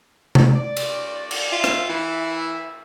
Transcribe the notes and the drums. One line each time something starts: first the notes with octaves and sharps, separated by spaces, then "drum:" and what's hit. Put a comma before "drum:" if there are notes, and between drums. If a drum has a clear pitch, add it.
drum: tom C3
D5
drum: cymbal
drum: cymbal
F4 E5
drum: rim click
E3